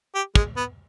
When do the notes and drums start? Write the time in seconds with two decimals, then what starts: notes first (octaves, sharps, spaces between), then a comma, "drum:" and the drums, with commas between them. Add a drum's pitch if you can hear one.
0.15 G4
0.35 G#3, drum: kick
0.57 B3